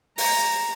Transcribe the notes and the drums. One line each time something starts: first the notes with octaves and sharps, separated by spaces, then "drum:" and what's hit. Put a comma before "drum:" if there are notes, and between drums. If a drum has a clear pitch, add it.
A#5, drum: open hi-hat